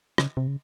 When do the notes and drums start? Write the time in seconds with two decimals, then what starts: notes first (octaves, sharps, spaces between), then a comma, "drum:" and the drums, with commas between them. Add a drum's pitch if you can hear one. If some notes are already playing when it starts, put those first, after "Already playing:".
0.18 C#3, drum: rim click
0.37 C3
0.48 C#3